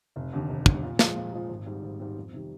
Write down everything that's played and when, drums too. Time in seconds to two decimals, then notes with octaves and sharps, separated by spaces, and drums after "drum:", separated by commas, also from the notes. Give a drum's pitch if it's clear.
0.16 F1
0.33 D#2 D3
0.50 F1
0.66 D#2 D3, drum: kick
0.83 A#2
0.99 F3 G#3, drum: snare
1.16 A#2
1.33 F3 G#3
1.49 G#1
1.66 G#2 G3
1.83 G#1
2.00 G#2 G3
2.16 F2
2.33 C3 D#3 G3